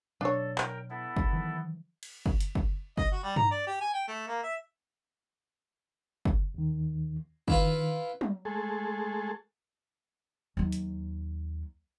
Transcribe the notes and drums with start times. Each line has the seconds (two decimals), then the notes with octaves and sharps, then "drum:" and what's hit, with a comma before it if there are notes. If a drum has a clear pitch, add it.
0.21 B2 F#3 D4 A4 C#5
0.58 A#4 G5, drum: clap
0.90 B3 E4 A4
1.17 drum: kick
1.33 D#3 E3 F#3
2.03 drum: cymbal
2.26 drum: kick
2.40 drum: hi-hat
2.55 drum: kick
2.98 D#5, drum: kick
3.12 F#4
3.23 G3
3.36 A#5, drum: tom G2
3.51 D5
3.67 G4
3.81 G#5
3.94 G5
4.08 A3
4.27 A#3
4.43 E5
6.25 drum: kick
6.54 D#2 D#3
7.48 D#3 E4 F4 B4, drum: kick
8.21 drum: tom F#3
8.45 G#3 A3 G#4 A4
10.57 D#2 F#3
10.72 drum: hi-hat